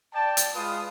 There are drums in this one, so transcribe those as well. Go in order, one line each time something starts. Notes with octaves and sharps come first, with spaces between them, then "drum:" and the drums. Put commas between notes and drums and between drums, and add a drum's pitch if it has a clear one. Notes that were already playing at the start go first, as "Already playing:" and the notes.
D5 G5 A5
drum: hi-hat
G#3 F4 B4 F5 D#6